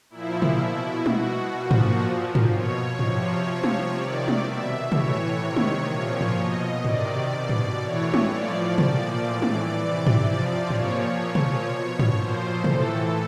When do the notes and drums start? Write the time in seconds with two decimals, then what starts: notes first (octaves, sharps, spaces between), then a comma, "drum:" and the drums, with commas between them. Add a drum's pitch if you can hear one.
0.10 A#2 F3 E4
0.42 drum: tom
0.58 B2 E4
1.06 B2 F#4, drum: tom
1.55 A#2 F3
1.71 drum: tom
2.03 A#2 F3
2.35 drum: tom
2.51 B2 C#5
2.99 C3 F3, drum: tom
3.47 C3 F3
3.64 drum: tom
3.96 C3 D#3 D5
4.28 drum: tom
4.44 B2 E5
4.92 A2 E3 C#5, drum: tom
5.40 C3 D#3 C#5
5.57 drum: tom
5.88 A#2 F3
6.21 drum: tom
6.37 B2 D#5
6.84 C3 D#3 D5, drum: tom
7.33 B2
7.49 drum: tom
7.81 A2 E3 C#5
8.14 drum: tom
8.29 A2 F3 D5
8.78 A#2 F3, drum: tom
9.26 A2 E3
9.42 drum: tom
9.74 C3 E3 D5
10.07 drum: tom
10.23 C3 F3
10.70 A#2 F3 C#5, drum: tom
11.19 A#2 F3
11.35 drum: tom
11.67 B2
11.99 drum: tom
12.15 A#2 F3 C5
12.64 A2 E3 A4, drum: tom